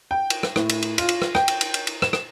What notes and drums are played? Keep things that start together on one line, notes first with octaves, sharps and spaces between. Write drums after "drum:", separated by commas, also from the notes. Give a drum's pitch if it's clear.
G5
drum: cymbal
drum: rim click
A2, drum: rim click
drum: cymbal
drum: cymbal
F4, drum: cymbal
drum: cymbal
drum: rim click
G5, drum: rim click
drum: cymbal
drum: cymbal
drum: cymbal
drum: cymbal
E7, drum: rim click
drum: rim click